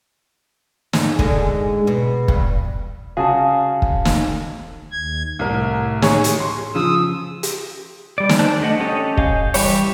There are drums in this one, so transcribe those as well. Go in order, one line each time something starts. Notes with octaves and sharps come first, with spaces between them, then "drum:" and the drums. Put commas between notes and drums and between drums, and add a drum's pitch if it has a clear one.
F2 G#2, drum: snare
G#2 D3 G#3, drum: kick
B2
G2, drum: kick
C#3 F#4 G#4 F5 A5
drum: kick
drum: snare
D#2 G#6
C2 A2 A#4
G#4 C#5 C#6, drum: snare
drum: hi-hat
C6
C#3 F3 D#6 E6
drum: hi-hat
G3 D5
drum: snare
C5 D5 A5 F#6
A3 D4 D#5 F#5
C#4 G4 A4 C#5 D#5
D#5 F5 G#5 G6, drum: kick
E3 G3 G4 C#5, drum: open hi-hat